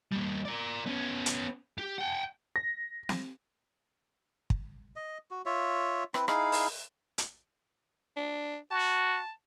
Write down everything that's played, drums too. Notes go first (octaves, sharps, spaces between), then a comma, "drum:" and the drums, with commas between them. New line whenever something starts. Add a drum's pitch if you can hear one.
G3 A#3
A#4 D5
B3 C#4
drum: hi-hat
G4
F#5 G5
A#6
drum: snare
drum: kick
D#5
F#4
F4 C#5 E5
C4 E4 B4, drum: rim click
D#4 E4 G#4 F5, drum: rim click
drum: open hi-hat
drum: hi-hat
D4
F#4 A5